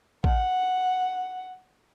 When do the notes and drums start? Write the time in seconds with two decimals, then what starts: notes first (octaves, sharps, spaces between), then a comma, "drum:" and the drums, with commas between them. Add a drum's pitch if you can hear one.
0.24 F#5, drum: kick